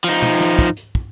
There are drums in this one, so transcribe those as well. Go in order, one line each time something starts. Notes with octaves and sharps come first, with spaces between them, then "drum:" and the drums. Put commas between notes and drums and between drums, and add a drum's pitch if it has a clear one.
F3 D#4, drum: hi-hat
drum: tom B2
drum: snare
drum: kick
drum: hi-hat
drum: kick